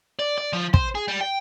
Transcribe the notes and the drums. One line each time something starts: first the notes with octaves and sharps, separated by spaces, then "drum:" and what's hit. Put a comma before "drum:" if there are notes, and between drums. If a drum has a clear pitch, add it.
D5
D5
F3
C5, drum: kick
G#4
G3
G5